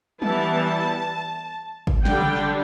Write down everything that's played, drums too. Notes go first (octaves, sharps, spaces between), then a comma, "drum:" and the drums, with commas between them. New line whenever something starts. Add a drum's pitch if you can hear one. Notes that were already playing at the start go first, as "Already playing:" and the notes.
E3 G3 B3 E4 A5, drum: tom
drum: kick
D3 G3 D4 G5, drum: snare
drum: tom